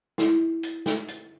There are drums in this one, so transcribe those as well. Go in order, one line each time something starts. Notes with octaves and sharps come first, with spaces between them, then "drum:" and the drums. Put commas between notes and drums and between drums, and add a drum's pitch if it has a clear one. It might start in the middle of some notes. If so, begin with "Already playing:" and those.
E4, drum: snare
drum: hi-hat
drum: snare
drum: hi-hat